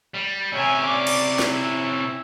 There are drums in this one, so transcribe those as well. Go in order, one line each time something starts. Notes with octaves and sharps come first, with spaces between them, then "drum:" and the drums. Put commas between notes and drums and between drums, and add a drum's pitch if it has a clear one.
G3
C3 C#4 E5 G#5
D5 D6
drum: cymbal
drum: snare
E4